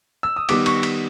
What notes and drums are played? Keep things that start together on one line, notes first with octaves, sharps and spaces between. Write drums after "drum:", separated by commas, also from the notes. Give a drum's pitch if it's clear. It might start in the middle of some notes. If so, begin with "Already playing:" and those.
E6
D#6
D#3 G3 B3 D6, drum: cymbal
C#6, drum: cymbal
drum: cymbal